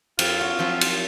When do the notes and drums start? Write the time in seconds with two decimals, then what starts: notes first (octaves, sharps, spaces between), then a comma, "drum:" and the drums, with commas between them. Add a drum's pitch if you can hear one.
0.19 F2 C4 F4, drum: cymbal
0.41 F#4
0.59 F3 F#3 C4
0.81 drum: cymbal